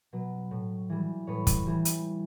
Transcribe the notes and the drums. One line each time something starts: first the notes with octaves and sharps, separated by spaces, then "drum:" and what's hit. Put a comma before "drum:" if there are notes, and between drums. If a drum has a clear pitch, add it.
B2 F#3
A2
E3 G3
A2 B4 C#5
drum: kick, hi-hat
E3 G3
drum: hi-hat